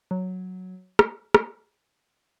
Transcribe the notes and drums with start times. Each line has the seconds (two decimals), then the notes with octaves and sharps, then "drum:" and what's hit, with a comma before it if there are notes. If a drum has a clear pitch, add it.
0.11 F#3
0.99 drum: rim click
1.34 drum: rim click